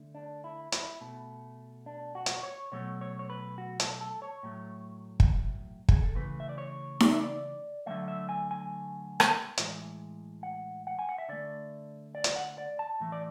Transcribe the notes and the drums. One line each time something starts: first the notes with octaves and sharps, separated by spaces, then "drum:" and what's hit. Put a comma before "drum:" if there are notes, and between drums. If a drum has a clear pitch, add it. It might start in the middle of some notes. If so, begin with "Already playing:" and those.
Already playing: D3 A3
D4
E4
E4, drum: hi-hat
B2 A3
D4
F#4
drum: hi-hat
C#5
B2 F#3 A3 C#5
C#5
C#5
B4
F#4
A4, drum: hi-hat
A4
C#5
A2 F#3 A3
drum: kick
G#4, drum: kick
A4
C#3 E3 A3 B4
E5
D5
C#5
D5, drum: snare D#4
E5
D5
D3 F#3 A3 E5
E5
G#5
G#5
drum: rim click
A2 E3 G#3, drum: hi-hat
F#5
F#5
G#5
F#5
E5
D3 A3 D5
D5
drum: hi-hat
F#5
D5
A5
A2 E3 A3
D5